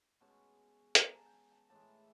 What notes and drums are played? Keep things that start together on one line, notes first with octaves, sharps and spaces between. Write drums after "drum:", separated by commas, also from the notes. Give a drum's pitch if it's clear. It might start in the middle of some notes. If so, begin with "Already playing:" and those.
B2 G#3 C#4 A5
A#5, drum: hi-hat
G#5
A5
G5
G#5
A5
A2 E3 G#3 A5